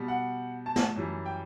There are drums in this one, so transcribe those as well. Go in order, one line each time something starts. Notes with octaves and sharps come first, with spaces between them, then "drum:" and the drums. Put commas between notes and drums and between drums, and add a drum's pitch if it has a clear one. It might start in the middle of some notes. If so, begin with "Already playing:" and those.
Already playing: B2 G3
F#5
A5
drum: snare
F#2 E3 G3
G5